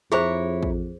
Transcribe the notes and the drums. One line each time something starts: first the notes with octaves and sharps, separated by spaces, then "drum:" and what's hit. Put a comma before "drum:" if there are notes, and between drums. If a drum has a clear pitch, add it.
F2 E4 G#4 C5 C#5 A#5
drum: kick A1